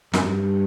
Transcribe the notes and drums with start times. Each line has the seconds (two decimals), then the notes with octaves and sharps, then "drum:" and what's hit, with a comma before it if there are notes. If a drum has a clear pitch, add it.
0.13 F#2, drum: snare
0.21 G2